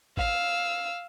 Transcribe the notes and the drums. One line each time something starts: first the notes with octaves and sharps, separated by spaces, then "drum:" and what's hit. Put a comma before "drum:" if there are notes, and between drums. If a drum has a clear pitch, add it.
F5 E6, drum: kick G#1